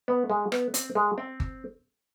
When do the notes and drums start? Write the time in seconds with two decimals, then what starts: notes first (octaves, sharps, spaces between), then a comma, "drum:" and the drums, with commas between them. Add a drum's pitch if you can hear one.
0.08 B3
0.30 G#3
0.52 B3, drum: rim click
0.74 C4, drum: hi-hat
0.95 G#3
1.18 C4
1.40 drum: kick G1